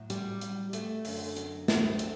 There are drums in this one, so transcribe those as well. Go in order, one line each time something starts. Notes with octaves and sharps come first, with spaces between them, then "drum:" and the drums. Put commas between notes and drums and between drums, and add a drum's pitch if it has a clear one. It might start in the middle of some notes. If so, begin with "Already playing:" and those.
Already playing: A2 F#3
G3, drum: hi-hat
drum: hi-hat
A3, drum: hi-hat
F#2 D3 F#3, drum: open hi-hat
drum: hi-hat
A3 C4, drum: snare
A3 C4
A3 C4, drum: hi-hat